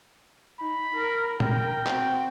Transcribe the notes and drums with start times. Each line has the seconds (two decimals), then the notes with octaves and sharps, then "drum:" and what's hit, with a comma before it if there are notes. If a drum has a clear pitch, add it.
0.59 D#4 B5
0.95 A#4
1.40 A#4 G5, drum: tom A#2
1.87 C4 F#4, drum: clap